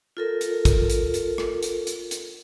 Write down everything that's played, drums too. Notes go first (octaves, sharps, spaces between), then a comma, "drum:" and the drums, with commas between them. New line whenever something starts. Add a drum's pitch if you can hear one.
F4 A4 A#4
drum: hi-hat
drum: kick, hi-hat
drum: hi-hat
drum: hi-hat
drum: rim click
drum: hi-hat
drum: hi-hat
drum: hi-hat